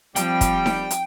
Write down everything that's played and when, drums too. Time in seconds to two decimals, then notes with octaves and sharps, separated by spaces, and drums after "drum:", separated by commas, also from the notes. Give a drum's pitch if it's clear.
0.16 F3 G3 C4 G5, drum: hi-hat
0.41 drum: kick, hi-hat
0.66 drum: snare D#4
0.91 drum: hi-hat